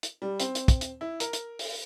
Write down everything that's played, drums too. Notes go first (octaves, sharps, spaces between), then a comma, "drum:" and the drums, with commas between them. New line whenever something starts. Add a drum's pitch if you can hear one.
drum: hi-hat
G3
C4, drum: hi-hat
drum: hi-hat
drum: kick, hi-hat
drum: hi-hat
E4
A#4, drum: hi-hat
drum: hi-hat
drum: open hi-hat